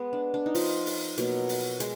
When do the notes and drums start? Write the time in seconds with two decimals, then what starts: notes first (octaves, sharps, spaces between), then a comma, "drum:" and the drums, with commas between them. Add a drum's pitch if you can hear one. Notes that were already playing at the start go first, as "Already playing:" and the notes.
Already playing: G#3 B3
0.13 D4
0.34 D4
0.46 D#4
0.55 F3 F4, drum: open hi-hat
0.86 drum: open hi-hat
1.18 B2 F#3 A#3, drum: hi-hat
1.49 drum: open hi-hat
1.80 G#3, drum: hi-hat